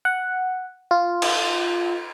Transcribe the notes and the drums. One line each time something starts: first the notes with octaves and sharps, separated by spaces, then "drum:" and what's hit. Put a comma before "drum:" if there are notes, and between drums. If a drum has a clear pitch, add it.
F#5
F4
drum: cymbal